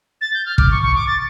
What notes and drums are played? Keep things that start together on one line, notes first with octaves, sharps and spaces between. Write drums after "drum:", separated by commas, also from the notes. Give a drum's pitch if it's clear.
A6
G6
F6
D6, drum: kick
C#6
C#6
D6
A6